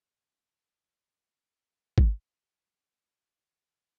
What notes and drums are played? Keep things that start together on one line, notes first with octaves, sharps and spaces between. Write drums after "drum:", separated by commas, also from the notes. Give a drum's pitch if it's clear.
D1
D#2
F3 F#3
drum: kick G#1